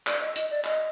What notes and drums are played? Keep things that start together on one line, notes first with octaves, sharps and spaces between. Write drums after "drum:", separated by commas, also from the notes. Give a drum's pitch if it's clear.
D5, drum: clap
D#5
D#5, drum: hi-hat
D5
D#5, drum: clap